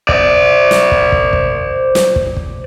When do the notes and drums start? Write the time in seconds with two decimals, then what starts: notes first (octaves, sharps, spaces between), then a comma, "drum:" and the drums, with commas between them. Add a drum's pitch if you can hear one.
0.09 C5 D5, drum: kick
0.71 drum: snare
0.92 drum: kick
1.12 drum: kick
1.33 drum: kick
1.95 drum: snare
2.16 drum: kick
2.37 drum: kick